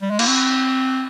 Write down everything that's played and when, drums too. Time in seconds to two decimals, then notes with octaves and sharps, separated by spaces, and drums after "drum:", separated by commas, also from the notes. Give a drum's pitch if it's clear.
0.02 G3
0.10 G#3
0.19 A#3, drum: cymbal
0.27 C4